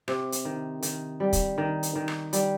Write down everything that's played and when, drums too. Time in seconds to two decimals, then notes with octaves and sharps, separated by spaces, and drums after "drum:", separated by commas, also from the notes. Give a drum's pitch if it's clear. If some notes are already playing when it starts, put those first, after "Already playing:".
0.08 C3, drum: rim click
0.32 drum: hi-hat
0.45 D#3
0.82 D#3, drum: hi-hat
1.20 G3
1.33 drum: kick, hi-hat
1.58 D#3
1.83 drum: hi-hat
1.96 D#3
2.08 drum: rim click
2.33 G3, drum: hi-hat